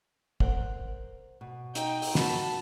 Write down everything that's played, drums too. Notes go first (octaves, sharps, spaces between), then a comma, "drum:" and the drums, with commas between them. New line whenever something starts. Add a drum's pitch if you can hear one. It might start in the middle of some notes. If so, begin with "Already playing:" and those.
A#4 C5 F#5, drum: kick
B2
D#4 G5, drum: hi-hat
drum: open hi-hat
F#4 A5 B5, drum: snare